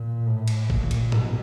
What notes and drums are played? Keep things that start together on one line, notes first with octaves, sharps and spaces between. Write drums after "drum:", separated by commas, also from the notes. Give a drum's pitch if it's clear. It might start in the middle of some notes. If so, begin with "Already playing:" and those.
Already playing: A#2
A2
drum: cymbal
A#2, drum: kick
drum: cymbal
B2, drum: tom G#2